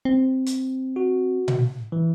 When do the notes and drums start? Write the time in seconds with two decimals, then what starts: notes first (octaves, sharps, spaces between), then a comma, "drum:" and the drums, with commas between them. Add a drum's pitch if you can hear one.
0.05 C4
0.46 drum: hi-hat
0.96 F#4
1.48 drum: tom A#2
1.92 E3